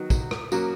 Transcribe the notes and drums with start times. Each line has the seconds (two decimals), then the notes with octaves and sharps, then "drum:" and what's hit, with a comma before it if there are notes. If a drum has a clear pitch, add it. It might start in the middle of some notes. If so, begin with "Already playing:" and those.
Already playing: D#3 F#3 B3 D#4 F#4
0.10 drum: kick, tambourine
0.31 drum: rim click
0.52 F#3 A#3 C#4 F#4, drum: tambourine